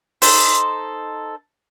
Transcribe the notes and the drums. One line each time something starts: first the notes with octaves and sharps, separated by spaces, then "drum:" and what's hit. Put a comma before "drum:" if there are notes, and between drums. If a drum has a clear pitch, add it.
D#4 A4 C5, drum: open hi-hat